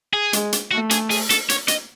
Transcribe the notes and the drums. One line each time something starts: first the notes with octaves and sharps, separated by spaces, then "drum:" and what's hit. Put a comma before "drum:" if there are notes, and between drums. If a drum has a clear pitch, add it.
G#4
G#3, drum: hi-hat
drum: hi-hat
A3 F#4
G#4, drum: hi-hat
G#4, drum: open hi-hat
A4, drum: hi-hat
C#5, drum: hi-hat
D#5, drum: hi-hat